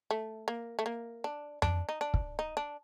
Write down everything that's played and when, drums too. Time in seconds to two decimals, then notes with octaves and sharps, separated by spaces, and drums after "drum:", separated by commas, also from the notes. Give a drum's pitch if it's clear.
0.11 A3
0.48 A#3
0.79 A3
0.86 A#3
1.24 D4
1.62 D4, drum: tom F2
1.89 D#4
2.01 D4
2.14 drum: kick
2.39 D#4
2.57 D4